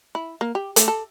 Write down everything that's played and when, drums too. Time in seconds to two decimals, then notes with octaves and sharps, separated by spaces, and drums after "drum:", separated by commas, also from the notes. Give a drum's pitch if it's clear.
0.15 E4
0.41 A#3
0.55 G4
0.76 A3, drum: hi-hat
0.88 A4